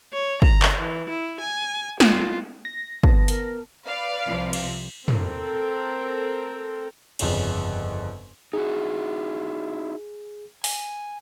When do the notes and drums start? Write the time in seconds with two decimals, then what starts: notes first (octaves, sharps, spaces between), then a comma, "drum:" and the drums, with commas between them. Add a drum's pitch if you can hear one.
0.12 C#5
0.42 A#5, drum: kick
0.62 drum: clap
0.79 E3
1.09 E4
1.40 G#5
2.00 F4, drum: snare
2.65 A#6
3.03 B3 A5, drum: kick
3.28 A#4, drum: hi-hat
3.86 B4 D5 F5
4.26 C2 C3 F3
4.53 drum: cymbal
5.08 C4 A4 A#4, drum: tom
7.19 G1 F2 C#3 C#4, drum: cymbal
8.53 D#4 E4 F#4 G#4
10.64 G#5, drum: open hi-hat